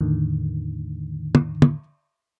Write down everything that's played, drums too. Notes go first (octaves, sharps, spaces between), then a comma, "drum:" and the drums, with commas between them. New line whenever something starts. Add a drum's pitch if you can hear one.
E2 A2 D3 D#3
drum: tom
drum: tom